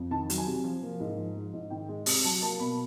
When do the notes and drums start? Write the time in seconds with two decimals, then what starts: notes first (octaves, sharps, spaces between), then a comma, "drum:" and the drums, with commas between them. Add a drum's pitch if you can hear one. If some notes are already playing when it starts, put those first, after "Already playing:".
Already playing: F2
0.11 D#3 A5
0.30 F#3, drum: hi-hat
0.38 G#5
0.47 C3
0.64 F3
0.83 A#3
1.00 G#2
1.17 F3
1.36 G#3
1.53 G#2
1.70 D#3 G5
1.89 G#3
2.06 C3, drum: open hi-hat
2.24 F#3 A5
2.42 A#3 A5
2.59 B2 B5